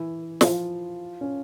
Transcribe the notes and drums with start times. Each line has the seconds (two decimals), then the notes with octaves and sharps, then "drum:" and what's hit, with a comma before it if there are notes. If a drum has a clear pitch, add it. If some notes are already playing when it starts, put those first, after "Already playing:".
Already playing: E3 E4
0.41 F3 F4, drum: snare
1.21 C#4